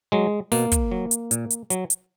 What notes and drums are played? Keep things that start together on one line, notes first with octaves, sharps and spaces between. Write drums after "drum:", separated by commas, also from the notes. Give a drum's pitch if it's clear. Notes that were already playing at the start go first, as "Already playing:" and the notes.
F#3 G#3
B2 A#3, drum: open hi-hat
drum: kick, hi-hat
F#3
drum: hi-hat
A#2, drum: hi-hat
drum: hi-hat
F#3, drum: hi-hat
drum: hi-hat